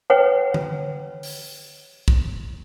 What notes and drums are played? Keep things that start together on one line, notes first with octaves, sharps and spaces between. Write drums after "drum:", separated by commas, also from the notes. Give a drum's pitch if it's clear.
B4 C#5 F#5 G5
drum: tom D3
drum: open hi-hat
drum: kick